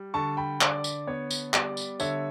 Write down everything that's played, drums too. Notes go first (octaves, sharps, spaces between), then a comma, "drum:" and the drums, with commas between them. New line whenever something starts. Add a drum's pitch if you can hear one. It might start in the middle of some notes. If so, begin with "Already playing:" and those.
Already playing: G3
D3 A5 C#6
G5 B5
D3 D5, drum: clap
drum: tambourine
B3 C#5
drum: tambourine
G3 D5, drum: clap
drum: tambourine
D3 C#5 E5, drum: tambourine